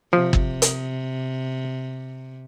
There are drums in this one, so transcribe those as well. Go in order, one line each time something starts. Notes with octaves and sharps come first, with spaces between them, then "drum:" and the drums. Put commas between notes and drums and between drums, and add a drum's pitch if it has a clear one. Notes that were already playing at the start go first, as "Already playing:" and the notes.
C3 F3
drum: kick
drum: hi-hat